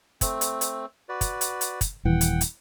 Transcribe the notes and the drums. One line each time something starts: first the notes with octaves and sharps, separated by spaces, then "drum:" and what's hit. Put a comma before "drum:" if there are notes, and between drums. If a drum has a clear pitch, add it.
A3 C4, drum: kick, hi-hat
drum: hi-hat
drum: hi-hat
F#4 B4 D5
drum: kick, hi-hat
drum: hi-hat
drum: hi-hat
drum: kick, hi-hat
D#1 E3 F#5 G5
drum: hi-hat
drum: hi-hat